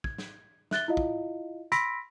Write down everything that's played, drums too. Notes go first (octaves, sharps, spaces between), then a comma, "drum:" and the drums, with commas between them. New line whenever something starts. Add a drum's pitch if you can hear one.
G#6, drum: kick
drum: snare
E5 F#6 A6 G7, drum: snare
E4 F4 D#5 F5
drum: kick
B5 C6 E6 A#6 B6 D7, drum: hi-hat